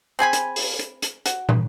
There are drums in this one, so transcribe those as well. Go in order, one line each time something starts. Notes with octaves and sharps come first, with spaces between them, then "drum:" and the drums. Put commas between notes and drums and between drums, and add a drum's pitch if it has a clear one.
C4 G#4 G#5 B5
drum: hi-hat
drum: open hi-hat
drum: hi-hat
drum: hi-hat
F#4, drum: hi-hat
drum: tom